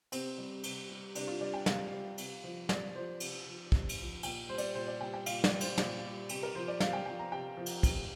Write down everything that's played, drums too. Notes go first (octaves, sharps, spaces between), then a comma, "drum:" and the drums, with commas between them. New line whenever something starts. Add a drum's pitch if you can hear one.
C3 C4, drum: cymbal
G3
C3, drum: cymbal
G3
C3 D4, drum: cymbal
F4
G3 D5
G5
C3 F5, drum: snare
G3
C3, drum: cymbal
F3
C3 D5, drum: snare
F3 C5
C3, drum: cymbal
F3
C3, drum: kick
drum: cymbal
F3
A#2 G5, drum: cymbal
G3 C5
D5, drum: cymbal
A#2 C5
D5
G3 G5
G5
A#2 F5, drum: cymbal
D5, drum: snare
G3
C5, drum: cymbal
A#2 D5, drum: snare
G3
C3 G4, drum: cymbal
A#4
F3 C5
D5
C3 F5, drum: snare
G5
F3 G5
A#5
C3 G5
F3
drum: cymbal
C3, drum: kick, cymbal